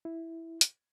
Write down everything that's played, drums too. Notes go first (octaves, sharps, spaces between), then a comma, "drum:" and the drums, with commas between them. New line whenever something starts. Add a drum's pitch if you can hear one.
E4
drum: hi-hat